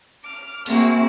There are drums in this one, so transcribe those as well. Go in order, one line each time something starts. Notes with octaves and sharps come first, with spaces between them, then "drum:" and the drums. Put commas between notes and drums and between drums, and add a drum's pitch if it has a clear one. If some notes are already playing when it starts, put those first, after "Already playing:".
D6 F6
A#3 C4 E4 F#4 G#4, drum: open hi-hat